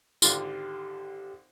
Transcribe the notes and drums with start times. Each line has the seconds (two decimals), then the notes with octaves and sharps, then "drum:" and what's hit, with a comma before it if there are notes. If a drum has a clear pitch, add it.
0.22 G#1 D3 F4 G4, drum: tambourine